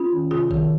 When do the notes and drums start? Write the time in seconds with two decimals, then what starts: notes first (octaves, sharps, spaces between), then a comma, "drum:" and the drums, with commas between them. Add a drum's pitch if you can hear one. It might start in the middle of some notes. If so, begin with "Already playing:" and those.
Already playing: C#4 F4
0.12 D#3
0.31 C3 F4 G#4
0.51 D#3, drum: kick A#1